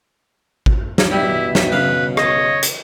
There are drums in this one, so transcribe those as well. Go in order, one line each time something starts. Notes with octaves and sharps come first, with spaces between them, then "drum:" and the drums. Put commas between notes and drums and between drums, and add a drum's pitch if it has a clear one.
drum: kick G#1
drum: snare
B2 G3 E4 E5
drum: snare
C#3 B4 F5
C#5 D#5, drum: rim click
drum: hi-hat